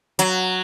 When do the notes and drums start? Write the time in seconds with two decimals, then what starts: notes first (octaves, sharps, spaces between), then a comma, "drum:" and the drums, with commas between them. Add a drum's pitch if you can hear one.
0.19 F#3, drum: hi-hat